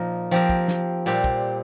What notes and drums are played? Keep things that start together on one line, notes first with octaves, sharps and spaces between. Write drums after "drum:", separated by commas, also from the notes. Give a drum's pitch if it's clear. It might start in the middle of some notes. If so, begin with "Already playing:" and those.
Already playing: A#2 F3 A#3 D#4 A#4
F3 C4 G4 A#4
drum: kick
drum: snare
A#2 G3 C4 G4
drum: kick